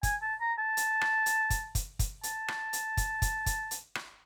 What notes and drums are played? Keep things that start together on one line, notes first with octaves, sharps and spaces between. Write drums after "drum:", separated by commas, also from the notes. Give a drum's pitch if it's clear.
G#5, drum: kick, hi-hat
A5
A#5
A5
drum: hi-hat
drum: rim click
drum: hi-hat
drum: kick, hi-hat
drum: kick, hi-hat
drum: kick, hi-hat
A5, drum: hi-hat
drum: rim click
drum: hi-hat
drum: kick, hi-hat
drum: kick, hi-hat
drum: kick, hi-hat
drum: hi-hat
drum: rim click